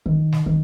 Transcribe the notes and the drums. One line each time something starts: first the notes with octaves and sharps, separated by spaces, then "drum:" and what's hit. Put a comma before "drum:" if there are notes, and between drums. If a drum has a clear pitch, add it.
D#3, drum: kick
drum: snare
D#3, drum: kick